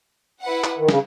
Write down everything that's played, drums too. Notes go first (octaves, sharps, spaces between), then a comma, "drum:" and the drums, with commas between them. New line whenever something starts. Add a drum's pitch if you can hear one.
E4 B4 F#5
drum: clap
D#3
C#3, drum: snare